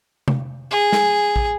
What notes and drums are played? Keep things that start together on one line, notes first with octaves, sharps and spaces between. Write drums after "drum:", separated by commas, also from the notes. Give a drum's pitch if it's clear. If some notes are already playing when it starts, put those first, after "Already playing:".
drum: tom C3
G#4
drum: snare
drum: kick